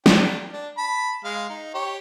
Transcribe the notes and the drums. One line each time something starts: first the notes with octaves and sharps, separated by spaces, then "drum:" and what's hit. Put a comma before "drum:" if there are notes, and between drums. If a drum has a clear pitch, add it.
D4 G5, drum: snare
D4
A5 B5
G#3 F5
D#4
G4 C#5